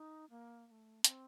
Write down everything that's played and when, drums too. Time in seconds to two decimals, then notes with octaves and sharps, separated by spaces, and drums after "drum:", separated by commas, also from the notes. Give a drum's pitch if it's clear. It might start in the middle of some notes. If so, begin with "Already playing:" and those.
Already playing: D#4
0.30 A#3
0.67 A#3
0.71 A3
1.04 C4, drum: hi-hat